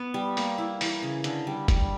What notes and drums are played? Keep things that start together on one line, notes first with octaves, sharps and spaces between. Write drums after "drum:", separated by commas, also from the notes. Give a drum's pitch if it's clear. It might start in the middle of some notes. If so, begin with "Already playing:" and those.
Already playing: B3
G3
A#3, drum: open hi-hat
E4
E3, drum: open hi-hat
C#3
D3, drum: hi-hat
G3
G3, drum: kick F#1, hi-hat